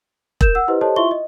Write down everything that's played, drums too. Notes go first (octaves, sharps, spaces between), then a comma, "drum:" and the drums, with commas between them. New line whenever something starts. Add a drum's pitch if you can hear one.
A#4 G6 E7, drum: kick E1
F#5 E6
E4 G4 B4 C5 D#5
G4 A4 C5 C#5 D#5 A5
E4 F4 E5 C6 C#6 G7
D#5